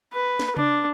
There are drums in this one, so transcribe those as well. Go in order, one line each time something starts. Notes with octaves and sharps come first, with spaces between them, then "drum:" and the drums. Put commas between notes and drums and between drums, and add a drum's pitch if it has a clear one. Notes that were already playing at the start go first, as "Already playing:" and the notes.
B4
drum: snare
D4, drum: tom C3